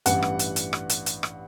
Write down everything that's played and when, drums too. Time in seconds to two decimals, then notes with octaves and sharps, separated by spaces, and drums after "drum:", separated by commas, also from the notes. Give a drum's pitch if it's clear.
0.06 A1 G2 E3 F#5, drum: hi-hat
0.22 drum: rim click
0.39 drum: hi-hat
0.56 drum: hi-hat
0.73 drum: rim click
0.89 drum: hi-hat
1.06 drum: hi-hat
1.23 drum: rim click